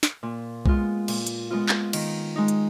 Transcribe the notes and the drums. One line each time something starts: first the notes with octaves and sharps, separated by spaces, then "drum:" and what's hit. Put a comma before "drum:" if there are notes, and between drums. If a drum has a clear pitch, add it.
drum: snare
A#2
G#3 B3 F4, drum: kick B1
A#2, drum: cymbal
drum: hi-hat
G#3 B3 F4
drum: clap
D#3, drum: cymbal
G#3 D#4
drum: hi-hat